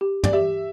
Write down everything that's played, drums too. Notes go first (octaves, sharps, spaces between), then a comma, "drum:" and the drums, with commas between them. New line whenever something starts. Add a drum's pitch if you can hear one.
G4
D5, drum: tom
G4 E5